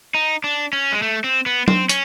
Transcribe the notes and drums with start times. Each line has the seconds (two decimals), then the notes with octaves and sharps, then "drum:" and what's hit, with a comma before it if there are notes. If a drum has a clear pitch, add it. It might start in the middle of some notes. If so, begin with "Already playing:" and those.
0.14 D#4
0.44 D4
0.73 C#4
0.92 G#3
1.02 A3
1.24 C4
1.46 B3
1.68 C4, drum: tom F#3
1.89 C#4, drum: hi-hat